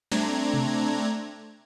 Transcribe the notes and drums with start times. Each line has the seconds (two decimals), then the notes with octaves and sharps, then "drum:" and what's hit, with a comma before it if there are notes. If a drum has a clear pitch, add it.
0.12 A3 C4 D4 A#5 G#6, drum: snare
0.54 drum: tom B2